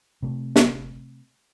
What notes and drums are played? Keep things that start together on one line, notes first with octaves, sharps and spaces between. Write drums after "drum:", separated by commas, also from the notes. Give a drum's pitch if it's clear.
C3 A3
drum: snare